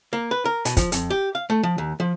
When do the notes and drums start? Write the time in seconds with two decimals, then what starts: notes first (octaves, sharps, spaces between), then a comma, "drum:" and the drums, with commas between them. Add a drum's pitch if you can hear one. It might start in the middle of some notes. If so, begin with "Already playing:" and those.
0.13 A#3
0.31 B4
0.45 A#4
0.65 B2, drum: hi-hat
0.77 F3, drum: kick, hi-hat
0.92 F2, drum: hi-hat
1.10 G4
1.35 F5
1.50 A3
1.63 F3
1.78 D#2
2.00 F3